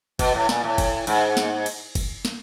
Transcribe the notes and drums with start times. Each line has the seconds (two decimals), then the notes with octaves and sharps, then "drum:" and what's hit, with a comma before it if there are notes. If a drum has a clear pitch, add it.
0.19 B2, drum: kick F#1, cymbal
0.34 A2
0.49 A#2, drum: snare
0.64 A2
0.78 drum: kick F#1, cymbal
1.07 G#2, drum: cymbal
1.37 drum: snare
1.66 drum: cymbal
1.95 drum: kick F#1, cymbal
2.25 drum: snare